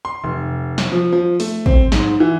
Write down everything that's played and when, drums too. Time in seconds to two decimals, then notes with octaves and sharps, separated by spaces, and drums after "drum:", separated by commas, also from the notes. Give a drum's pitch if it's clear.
0.05 C6
0.24 F1
0.78 drum: snare
0.92 F3
1.13 F3
1.40 A3, drum: open hi-hat
1.66 C4, drum: kick
1.92 G#2, drum: snare
2.20 E3